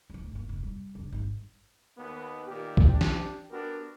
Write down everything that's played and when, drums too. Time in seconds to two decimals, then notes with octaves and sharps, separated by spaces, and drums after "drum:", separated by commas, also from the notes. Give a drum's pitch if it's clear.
0.10 D2 A3
0.31 G1 A#3
0.49 F1
0.63 G3
0.95 F#1 D4
1.12 G#1 G2
1.98 D#2 B3
2.47 A#2 D#3 G4
2.77 drum: kick
2.89 D4 G4
3.01 drum: snare
3.50 B3 D4 F#4 G4 A#4